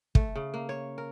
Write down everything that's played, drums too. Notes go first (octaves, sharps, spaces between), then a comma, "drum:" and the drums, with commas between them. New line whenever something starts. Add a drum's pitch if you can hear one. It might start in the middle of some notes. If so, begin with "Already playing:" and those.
A3, drum: kick
C#3
A#3
C#5
A#4